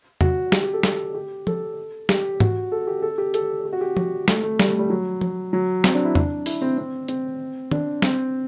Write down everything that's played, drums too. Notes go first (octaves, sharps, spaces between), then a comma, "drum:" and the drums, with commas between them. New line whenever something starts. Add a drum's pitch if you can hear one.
F#4, drum: tom E2
G4, drum: snare
G4
A4
A4, drum: snare
G4
A4, drum: tom
G4, drum: snare
F#4, drum: tom G#2
A4
G4
A4
G4
A4, drum: hi-hat
G4
F#4
G4
F#4, drum: tom
A3, drum: snare
A3
G3, drum: snare
A3
G3
F#3
drum: tom
F#3
C4, drum: snare
D4
E4
D4, drum: tom E2
E4, drum: open hi-hat
C4
C4
C4, drum: hi-hat
D4, drum: tom
C4, drum: snare